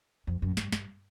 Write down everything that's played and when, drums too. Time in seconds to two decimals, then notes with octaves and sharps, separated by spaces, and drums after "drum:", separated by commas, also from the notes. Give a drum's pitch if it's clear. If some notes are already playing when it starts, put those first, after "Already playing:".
0.27 F2
0.42 F#2
0.57 G2, drum: snare
0.72 G2, drum: snare